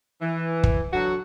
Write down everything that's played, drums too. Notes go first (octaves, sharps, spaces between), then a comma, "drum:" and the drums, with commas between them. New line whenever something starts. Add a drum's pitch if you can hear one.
E3
drum: kick
D3 F#3 F#4